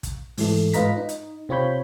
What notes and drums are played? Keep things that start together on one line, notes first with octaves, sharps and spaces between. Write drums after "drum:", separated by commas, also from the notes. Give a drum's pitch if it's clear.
drum: kick, hi-hat
G#2 E3 A3, drum: open hi-hat
G#2 F4 B4 D#5 A#5 B6, drum: hi-hat
D#4
drum: hi-hat
C3 C4 F4 C#5 B5 G6